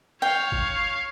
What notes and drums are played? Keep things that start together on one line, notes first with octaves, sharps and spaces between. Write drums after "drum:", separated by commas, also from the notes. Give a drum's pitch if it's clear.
C#5 F5 G5
drum: kick G#1